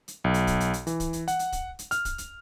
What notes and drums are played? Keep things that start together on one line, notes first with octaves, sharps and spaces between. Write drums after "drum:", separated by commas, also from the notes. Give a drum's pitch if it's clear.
drum: hi-hat
B1
drum: hi-hat
drum: kick, hi-hat
drum: hi-hat
drum: hi-hat
E3, drum: hi-hat
drum: kick, hi-hat
drum: hi-hat
F#5, drum: hi-hat
drum: hi-hat
drum: kick, hi-hat
drum: hi-hat
F6, drum: hi-hat
drum: kick, hi-hat
drum: hi-hat